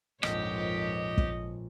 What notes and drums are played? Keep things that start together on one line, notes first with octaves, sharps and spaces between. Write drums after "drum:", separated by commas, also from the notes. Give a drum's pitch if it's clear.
A#1 F2 G#2 G4 C#5 D#5, drum: rim click
drum: kick